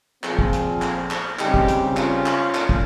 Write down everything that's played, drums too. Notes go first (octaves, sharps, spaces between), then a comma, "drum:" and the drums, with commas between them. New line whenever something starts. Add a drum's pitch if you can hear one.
A#2 F3 C4 F4 G#4, drum: clap
drum: kick
drum: hi-hat
drum: clap
drum: clap
C#3 G3 C4 D#4 G4, drum: clap
drum: kick
drum: hi-hat
C#4 F4, drum: clap
drum: clap
A#2, drum: clap
drum: kick